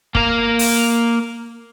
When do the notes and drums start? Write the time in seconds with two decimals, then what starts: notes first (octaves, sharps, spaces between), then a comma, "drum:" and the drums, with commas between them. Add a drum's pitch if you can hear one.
0.15 A#3 A#4, drum: kick
0.59 drum: open hi-hat